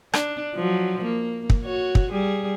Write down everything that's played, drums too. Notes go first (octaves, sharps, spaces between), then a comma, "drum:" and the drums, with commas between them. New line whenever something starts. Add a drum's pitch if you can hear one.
D4, drum: rim click
F3 F#3
A#3
drum: kick
F#4 C#5
drum: kick
G3 G#4